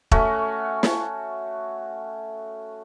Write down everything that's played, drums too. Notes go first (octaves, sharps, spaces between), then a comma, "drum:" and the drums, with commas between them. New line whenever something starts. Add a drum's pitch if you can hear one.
A3 C#4 F#4, drum: kick E1
drum: snare